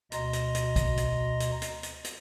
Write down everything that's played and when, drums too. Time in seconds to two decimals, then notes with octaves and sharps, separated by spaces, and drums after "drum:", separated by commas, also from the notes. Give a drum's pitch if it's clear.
0.12 D2 B2 D#5 A#5 C6 A#6, drum: hi-hat
0.33 drum: hi-hat
0.55 drum: hi-hat
0.76 drum: kick, hi-hat
0.97 drum: hi-hat
1.40 drum: hi-hat
1.62 drum: hi-hat
1.83 drum: hi-hat
2.04 drum: hi-hat